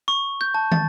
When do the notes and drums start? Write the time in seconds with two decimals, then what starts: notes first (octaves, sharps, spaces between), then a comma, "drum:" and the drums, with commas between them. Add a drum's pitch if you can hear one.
0.08 C#6
0.41 G6
0.54 A5
0.72 A6, drum: tom